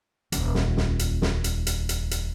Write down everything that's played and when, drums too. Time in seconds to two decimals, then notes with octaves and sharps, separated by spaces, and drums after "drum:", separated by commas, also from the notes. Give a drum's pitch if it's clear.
0.32 D#1 C#2, drum: hi-hat
0.55 drum: snare
0.77 drum: snare
0.99 drum: hi-hat
1.22 drum: snare
1.44 drum: hi-hat
1.67 drum: hi-hat
1.89 drum: hi-hat
2.11 drum: hi-hat